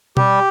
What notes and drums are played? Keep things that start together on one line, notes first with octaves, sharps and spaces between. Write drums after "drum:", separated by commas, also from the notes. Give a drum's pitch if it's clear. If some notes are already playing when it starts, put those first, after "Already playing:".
G3 G4, drum: tom B2